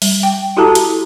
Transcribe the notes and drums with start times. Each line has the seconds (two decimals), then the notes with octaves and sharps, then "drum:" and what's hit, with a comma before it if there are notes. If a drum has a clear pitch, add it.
0.02 G3, drum: open hi-hat
0.23 G5
0.57 E4 F#4 G4 A4 A5 A#5
0.75 drum: hi-hat